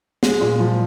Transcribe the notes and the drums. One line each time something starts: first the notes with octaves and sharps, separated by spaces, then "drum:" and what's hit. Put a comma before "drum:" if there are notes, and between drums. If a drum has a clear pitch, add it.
G#3, drum: snare
A#2
F3